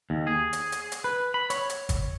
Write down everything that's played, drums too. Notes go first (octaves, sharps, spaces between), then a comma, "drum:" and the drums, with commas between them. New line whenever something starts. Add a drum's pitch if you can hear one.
D#2
G#4
drum: hi-hat
drum: hi-hat
drum: hi-hat
B4
B5
C#5, drum: hi-hat
drum: hi-hat
drum: kick, hi-hat